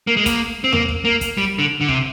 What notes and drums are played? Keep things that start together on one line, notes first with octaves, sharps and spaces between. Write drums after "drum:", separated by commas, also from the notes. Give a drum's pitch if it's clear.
A#3
G#3
A#3, drum: kick, hi-hat
C4
A#3, drum: tom E2
drum: kick
A#3
drum: kick, hi-hat
G3
D3
D3
C3, drum: kick